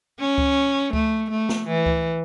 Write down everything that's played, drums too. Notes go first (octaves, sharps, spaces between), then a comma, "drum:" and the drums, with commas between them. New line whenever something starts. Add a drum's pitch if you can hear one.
C#4
drum: kick C#2
A3, drum: kick C#2
A3
drum: snare
E3
drum: kick C#2